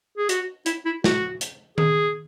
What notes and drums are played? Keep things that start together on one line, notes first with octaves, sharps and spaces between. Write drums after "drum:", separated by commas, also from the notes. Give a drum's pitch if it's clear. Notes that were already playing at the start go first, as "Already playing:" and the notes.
G#4
F#4, drum: hi-hat
E4, drum: hi-hat
E4
F#4, drum: snare
drum: hi-hat
G#4, drum: tom D#3